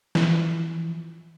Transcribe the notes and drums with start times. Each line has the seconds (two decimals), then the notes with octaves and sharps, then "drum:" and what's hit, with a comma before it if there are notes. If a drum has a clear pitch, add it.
0.15 E3 F3, drum: snare